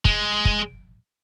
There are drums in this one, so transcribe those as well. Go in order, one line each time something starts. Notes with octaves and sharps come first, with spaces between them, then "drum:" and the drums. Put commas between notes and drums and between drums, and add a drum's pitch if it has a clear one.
G#3, drum: kick
drum: kick